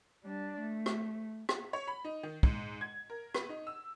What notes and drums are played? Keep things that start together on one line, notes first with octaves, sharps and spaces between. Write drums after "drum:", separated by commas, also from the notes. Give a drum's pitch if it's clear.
G3 D4
A3
drum: rim click
drum: rim click
C#5
B5
D#4
D#3
G#2, drum: kick
G#6
A#4
B4, drum: rim click
D#4
E6